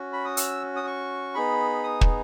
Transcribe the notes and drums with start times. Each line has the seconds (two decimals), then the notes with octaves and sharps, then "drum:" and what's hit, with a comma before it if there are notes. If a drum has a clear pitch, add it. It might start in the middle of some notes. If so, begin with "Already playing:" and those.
Already playing: C#4 F#4
0.13 B5
0.25 D#6
0.37 E6, drum: hi-hat
0.76 D#6
0.87 C#6
1.35 B3 D#4 G#4 B5
1.84 D#6
2.01 drum: kick